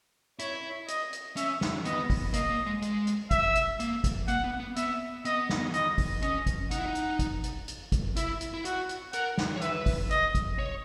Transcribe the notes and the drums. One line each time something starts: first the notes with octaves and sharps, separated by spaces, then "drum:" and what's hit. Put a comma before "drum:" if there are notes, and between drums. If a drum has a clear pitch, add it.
E4 C#5, drum: hi-hat
D#5, drum: hi-hat
drum: hi-hat
C#4 E5, drum: hi-hat
drum: snare
B3 D#5, drum: hi-hat
drum: kick, open hi-hat
A#3 D#5, drum: hi-hat
A#3
G#3
G#3, drum: hi-hat
drum: hi-hat
E5, drum: kick, hi-hat
drum: hi-hat
A#3, drum: hi-hat
drum: kick, hi-hat
A#3 F#5, drum: hi-hat
B3
B3
B3 E5, drum: hi-hat
B3 D#5, drum: hi-hat
drum: snare
D#5, drum: hi-hat
drum: kick, open hi-hat
C#4 D#5, drum: hi-hat
drum: kick, hi-hat
D#4 F#5, drum: hi-hat
E4
D#4
drum: hi-hat
drum: kick, hi-hat
drum: hi-hat
drum: hi-hat
drum: kick, hi-hat
E4 E5, drum: hi-hat
drum: hi-hat
E4
F#4 F#5, drum: hi-hat
drum: hi-hat
A#4 F#5, drum: hi-hat
drum: snare
C#5
B4 E5, drum: hi-hat
drum: kick, open hi-hat
D#5, drum: hi-hat
drum: kick, hi-hat
C#5